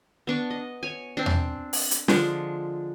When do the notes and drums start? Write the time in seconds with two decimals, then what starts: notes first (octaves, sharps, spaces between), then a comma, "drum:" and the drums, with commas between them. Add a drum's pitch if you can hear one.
0.27 B3 D4 C#6
0.50 D#5
0.83 C#5 G#5
1.17 C4 D4
1.26 drum: tom E2
1.73 drum: open hi-hat
1.91 drum: hi-hat
2.08 D3 F3 G#3 D4, drum: snare